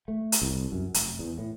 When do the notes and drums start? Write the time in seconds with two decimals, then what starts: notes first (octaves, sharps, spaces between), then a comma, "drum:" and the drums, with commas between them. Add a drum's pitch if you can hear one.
0.08 A3
0.32 drum: hi-hat
0.42 C2
0.72 F#2
0.94 F1, drum: hi-hat
1.19 E2
1.38 A2